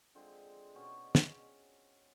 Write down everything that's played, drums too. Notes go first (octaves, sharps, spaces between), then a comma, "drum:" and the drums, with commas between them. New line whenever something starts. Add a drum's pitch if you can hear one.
D3 F3 G#3 C4
B2 G#3 C#4 F#4
drum: snare